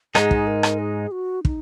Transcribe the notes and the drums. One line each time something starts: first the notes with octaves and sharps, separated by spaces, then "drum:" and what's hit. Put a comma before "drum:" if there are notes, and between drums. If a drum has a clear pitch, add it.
G#2 G#3 D#4 G#4, drum: rim click
drum: kick
A#4
drum: rim click
G#4
F#4
D#4, drum: kick